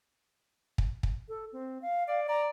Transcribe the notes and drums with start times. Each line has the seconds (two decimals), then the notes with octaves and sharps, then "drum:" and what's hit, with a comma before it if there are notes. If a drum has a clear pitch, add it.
0.78 drum: kick
1.03 drum: kick
1.29 A4
1.53 C4
1.82 F5
2.08 D5 F5
2.28 D5 A#5